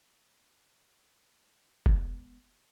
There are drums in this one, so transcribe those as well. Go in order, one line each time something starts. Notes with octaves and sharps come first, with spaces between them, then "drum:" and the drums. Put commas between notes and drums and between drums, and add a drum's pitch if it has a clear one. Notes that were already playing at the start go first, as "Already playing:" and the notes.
G#3 B3, drum: kick F1